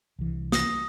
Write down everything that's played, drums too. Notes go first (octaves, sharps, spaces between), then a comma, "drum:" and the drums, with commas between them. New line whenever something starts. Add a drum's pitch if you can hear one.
C2 E3
D#6 A#6, drum: snare